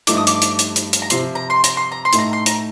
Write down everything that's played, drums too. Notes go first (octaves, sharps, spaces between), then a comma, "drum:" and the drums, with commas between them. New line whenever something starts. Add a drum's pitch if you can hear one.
G2 F3 A3 D#4 D6, drum: hi-hat
D#6
D6, drum: hi-hat
drum: hi-hat
drum: hi-hat
drum: hi-hat
drum: hi-hat
A#5
C3 F3 C4 C6, drum: hi-hat
A#5
C6
A#5, drum: hi-hat
C6
A#5
C6
A2 A3 D#4, drum: hi-hat
A#5
C6
A#5, drum: hi-hat